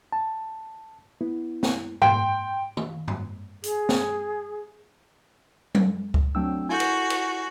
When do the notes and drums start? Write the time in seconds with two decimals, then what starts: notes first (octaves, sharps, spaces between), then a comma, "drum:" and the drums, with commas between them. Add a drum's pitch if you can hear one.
0.12 A5
1.21 B3 E4
1.63 drum: snare
2.02 G5 C6, drum: tom G#2
2.77 drum: tom
3.08 drum: tom G#2
3.64 G#4, drum: hi-hat
3.89 drum: snare
5.75 drum: tom F#3
6.14 drum: kick C#2
6.35 F#3 A3 C4 D4 G5 E6
6.69 E4 F#4 A4 G#5 G6
6.80 drum: cymbal
7.10 drum: cymbal